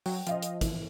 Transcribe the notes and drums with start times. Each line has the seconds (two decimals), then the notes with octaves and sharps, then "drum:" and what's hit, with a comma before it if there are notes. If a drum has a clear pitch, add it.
0.06 F#3 G5, drum: open hi-hat
0.27 F3 D#5 F5 G5, drum: hi-hat
0.42 drum: hi-hat
0.61 E3, drum: kick, hi-hat